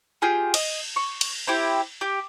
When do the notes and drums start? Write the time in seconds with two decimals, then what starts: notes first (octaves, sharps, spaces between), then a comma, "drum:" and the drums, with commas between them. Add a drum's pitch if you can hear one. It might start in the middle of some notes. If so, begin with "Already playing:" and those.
0.22 F4 G4 G#4 G5
0.54 D#5, drum: cymbal
0.96 C#6
1.21 drum: cymbal
1.47 C4 E4 G4
2.01 G4